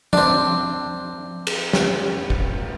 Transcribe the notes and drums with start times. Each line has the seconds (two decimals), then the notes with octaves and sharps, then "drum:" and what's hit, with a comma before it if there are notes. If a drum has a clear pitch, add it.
0.13 C4 D4, drum: tom F3
1.47 drum: cymbal
1.73 drum: snare
2.30 drum: kick